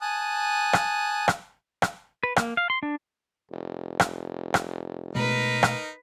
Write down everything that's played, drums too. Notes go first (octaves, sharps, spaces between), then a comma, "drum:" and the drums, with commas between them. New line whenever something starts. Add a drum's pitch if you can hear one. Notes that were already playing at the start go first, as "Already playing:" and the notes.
G#5 A5 D#6 F#6
drum: rim click
drum: rim click
drum: rim click
B4
A#3, drum: rim click
F5
C6
D4
F1
drum: rim click
drum: rim click
B2 G#3 A3 D#4 A#4 B4
drum: rim click